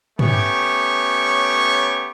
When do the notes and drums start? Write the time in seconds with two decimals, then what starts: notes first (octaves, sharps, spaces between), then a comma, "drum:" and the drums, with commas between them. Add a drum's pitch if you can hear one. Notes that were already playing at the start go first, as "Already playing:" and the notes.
0.19 A3 B3 C#4 G4 C#5 C#6, drum: tom